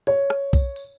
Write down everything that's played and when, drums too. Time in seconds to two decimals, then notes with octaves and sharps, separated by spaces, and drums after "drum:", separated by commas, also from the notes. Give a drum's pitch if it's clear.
0.07 C#5, drum: hi-hat
0.30 drum: rim click
0.53 drum: kick B1, open hi-hat
0.76 drum: open hi-hat